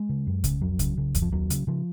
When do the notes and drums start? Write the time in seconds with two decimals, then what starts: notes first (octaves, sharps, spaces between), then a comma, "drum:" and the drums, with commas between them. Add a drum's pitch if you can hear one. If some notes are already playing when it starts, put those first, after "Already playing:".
Already playing: G#3
0.09 C#3
0.27 F#2
0.44 C#3, drum: kick C2, hi-hat
0.61 F2 F#3
0.79 C#3, drum: kick C2, hi-hat
0.97 C#3
1.15 F2, drum: kick C2, hi-hat
1.22 F3
1.32 D#2 F#3
1.50 C#3, drum: hi-hat
1.67 C#3 F3